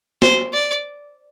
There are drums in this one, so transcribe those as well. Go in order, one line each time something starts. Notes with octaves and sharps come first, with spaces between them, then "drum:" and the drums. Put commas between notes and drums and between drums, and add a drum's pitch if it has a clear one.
C5, drum: snare
D5